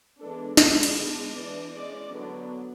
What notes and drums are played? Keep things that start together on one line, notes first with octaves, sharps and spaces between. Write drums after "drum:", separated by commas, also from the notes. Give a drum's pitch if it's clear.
E3 G#3 B3 D4 A4
D3 G#3 D4 B4, drum: snare
drum: cymbal
G#3 B3 D4
E3 B3 D4 D5
G#3 C#4 D5
D3 F#3 B3 D4